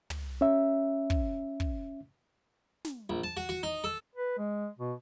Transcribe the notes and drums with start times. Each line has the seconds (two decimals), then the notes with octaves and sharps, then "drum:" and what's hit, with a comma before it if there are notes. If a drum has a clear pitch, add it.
0.10 drum: tom
0.41 C#4 E5
1.10 drum: kick
1.60 drum: kick
2.85 drum: snare
3.10 A#1
3.24 A5
3.37 F#4
3.49 F#4
3.63 D#4
3.84 A4
4.16 B4
4.38 G#3
4.79 B2